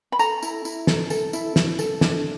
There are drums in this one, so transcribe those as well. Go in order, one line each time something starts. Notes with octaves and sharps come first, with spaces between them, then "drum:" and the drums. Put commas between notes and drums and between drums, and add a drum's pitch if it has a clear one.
B5
A4 A#5, drum: tambourine
E4, drum: tambourine
E4, drum: tambourine
A4, drum: snare
A4, drum: tambourine
E4, drum: tambourine
E4, drum: snare
A4, drum: tambourine
D4, drum: snare